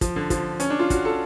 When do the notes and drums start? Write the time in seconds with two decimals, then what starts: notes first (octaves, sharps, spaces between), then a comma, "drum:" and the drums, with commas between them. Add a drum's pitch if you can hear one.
0.01 F3, drum: kick, hi-hat
0.16 D3
0.30 F3, drum: kick, hi-hat
0.60 C#4, drum: hi-hat
0.70 D4
0.79 F4
0.90 F#4, drum: kick, hi-hat
1.05 A4